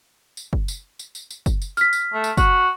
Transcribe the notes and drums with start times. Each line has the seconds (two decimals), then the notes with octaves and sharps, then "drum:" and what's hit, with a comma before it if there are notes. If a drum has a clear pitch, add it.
0.37 drum: tambourine
0.53 drum: kick F#1
0.68 drum: tambourine
0.99 drum: tambourine
1.15 drum: tambourine
1.31 drum: tambourine
1.46 drum: kick F#1, tambourine
1.62 drum: tambourine
1.77 F6 B6, drum: tambourine
1.93 drum: tambourine
2.13 A3
2.24 drum: tambourine
2.37 F#4, drum: kick F#1, tambourine